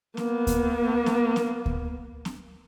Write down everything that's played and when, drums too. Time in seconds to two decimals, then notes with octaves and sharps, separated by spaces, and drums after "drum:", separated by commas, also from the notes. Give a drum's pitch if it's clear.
0.17 A#3 B3, drum: snare
0.47 drum: kick D2, hi-hat
1.06 drum: snare
1.36 drum: snare
1.66 drum: kick D2
2.25 drum: snare